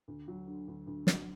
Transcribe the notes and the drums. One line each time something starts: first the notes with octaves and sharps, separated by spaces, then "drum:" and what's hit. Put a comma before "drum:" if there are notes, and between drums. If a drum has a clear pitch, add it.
D2
F#3
D3
D2
D2
F#3, drum: snare